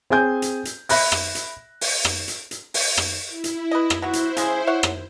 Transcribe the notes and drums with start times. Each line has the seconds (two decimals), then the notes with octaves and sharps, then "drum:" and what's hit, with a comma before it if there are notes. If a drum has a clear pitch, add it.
0.10 C4 G#4 G#5 G6
0.42 drum: hi-hat
0.65 drum: hi-hat
0.89 E5 B5 F#6 A#6, drum: open hi-hat
1.12 drum: rim click
1.35 drum: hi-hat
1.81 drum: open hi-hat
2.05 drum: rim click
2.28 drum: hi-hat
2.51 drum: hi-hat
2.74 drum: open hi-hat
2.97 drum: rim click
3.29 E4
3.44 drum: hi-hat
3.71 B4 D#5
3.90 drum: rim click
4.02 F#3 B3 E4 F#4 C5
4.13 drum: hi-hat
4.37 C#3 G#3 G#4, drum: hi-hat
4.67 C#5 E5 F#5
4.83 drum: rim click